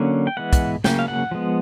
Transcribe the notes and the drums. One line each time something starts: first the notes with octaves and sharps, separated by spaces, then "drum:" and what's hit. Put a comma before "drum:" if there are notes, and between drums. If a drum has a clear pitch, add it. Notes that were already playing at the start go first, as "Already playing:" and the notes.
Already playing: D3 F#3 A#3 C#4
G5
E3 G#3 B3 F#5
drum: kick, hi-hat
C#3 F#3 A#3 C#4 G5, drum: snare
F5
F#5
F3 G#3 B3